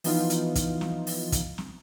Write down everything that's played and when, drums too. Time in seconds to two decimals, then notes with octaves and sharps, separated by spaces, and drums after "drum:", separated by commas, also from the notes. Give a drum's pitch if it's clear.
0.04 E3 F3 B3 D#4 F4, drum: open hi-hat
0.30 drum: hi-hat
0.55 drum: kick, hi-hat
0.81 drum: snare
1.07 drum: open hi-hat
1.32 drum: kick, hi-hat
1.58 drum: snare